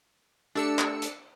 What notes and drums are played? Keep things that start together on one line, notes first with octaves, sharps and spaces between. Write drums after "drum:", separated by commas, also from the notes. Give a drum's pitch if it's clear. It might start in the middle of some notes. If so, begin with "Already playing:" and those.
A3 D4 G4 A4 E6 C#7
drum: clap
drum: hi-hat